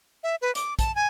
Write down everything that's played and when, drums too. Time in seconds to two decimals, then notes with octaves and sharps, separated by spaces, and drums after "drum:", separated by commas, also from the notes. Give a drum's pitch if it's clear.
0.23 E5
0.42 B4
0.55 D6, drum: hi-hat
0.79 A5, drum: kick, hi-hat
0.95 G#5